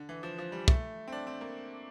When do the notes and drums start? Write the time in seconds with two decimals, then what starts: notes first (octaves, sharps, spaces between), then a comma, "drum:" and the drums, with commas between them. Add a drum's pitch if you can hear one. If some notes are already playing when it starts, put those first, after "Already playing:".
Already playing: D3
0.09 E3
0.23 F3
0.38 F3
0.52 G3
0.68 A3, drum: kick
1.08 C4
1.12 D4
1.27 C4
1.41 A#3